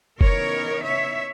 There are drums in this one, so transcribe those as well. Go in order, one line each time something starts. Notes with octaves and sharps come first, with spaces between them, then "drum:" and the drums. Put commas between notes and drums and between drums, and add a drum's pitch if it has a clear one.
C#3 E3 B3 D#4 A#4 C#5, drum: kick F1
C#5 E5